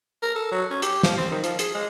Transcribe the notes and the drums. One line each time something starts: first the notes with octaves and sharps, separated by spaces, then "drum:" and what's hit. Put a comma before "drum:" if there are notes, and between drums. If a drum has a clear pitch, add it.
A#4
A4
F#3
C#4
G4, drum: hi-hat
F3, drum: snare
C4
D#3
F3, drum: hi-hat
G#4, drum: hi-hat
G#3